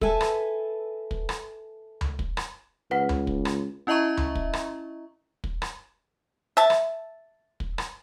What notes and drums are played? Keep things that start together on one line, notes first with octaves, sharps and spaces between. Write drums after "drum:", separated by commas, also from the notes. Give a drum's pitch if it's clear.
A4 B4 E5 G#5 A5, drum: kick
drum: rim click
drum: kick
drum: rim click
drum: tom C#2
drum: kick
drum: rim click
C#2 B4 F#5 B6
drum: tom C#2
drum: kick
drum: rim click
C#4 E4 D#5 E5 A#5 C#6
drum: tom C#2
drum: kick
drum: rim click
drum: kick
drum: rim click
E5 A5
drum: rim click
drum: kick
drum: rim click